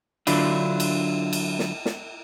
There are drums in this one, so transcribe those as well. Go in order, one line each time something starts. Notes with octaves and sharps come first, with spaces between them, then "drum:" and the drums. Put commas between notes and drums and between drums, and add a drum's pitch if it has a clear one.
D3 F#3 D4 E4 F4, drum: cymbal
drum: cymbal
drum: cymbal
drum: snare
drum: snare